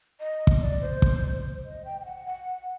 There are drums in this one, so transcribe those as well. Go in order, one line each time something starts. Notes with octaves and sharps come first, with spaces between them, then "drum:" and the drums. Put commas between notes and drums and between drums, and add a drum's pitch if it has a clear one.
D#5
drum: kick
D5
C5
drum: kick
D#5
G5
G5
F#5
F#5